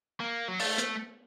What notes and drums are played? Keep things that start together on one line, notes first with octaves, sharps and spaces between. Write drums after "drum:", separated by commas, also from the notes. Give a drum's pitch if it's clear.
A#3
F#3
A3, drum: open hi-hat
drum: hi-hat